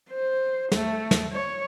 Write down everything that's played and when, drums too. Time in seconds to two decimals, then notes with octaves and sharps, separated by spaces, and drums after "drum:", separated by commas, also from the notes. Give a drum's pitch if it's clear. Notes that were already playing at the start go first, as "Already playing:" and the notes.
0.10 C5
0.72 A3, drum: snare
1.11 drum: snare
1.32 C#5